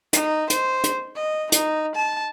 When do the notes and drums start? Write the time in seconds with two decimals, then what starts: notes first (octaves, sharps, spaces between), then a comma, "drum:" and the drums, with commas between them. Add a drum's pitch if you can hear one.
0.13 D#4, drum: hi-hat
0.50 C5, drum: hi-hat
0.84 drum: hi-hat
1.16 D#5
1.52 D#4, drum: hi-hat
1.95 A5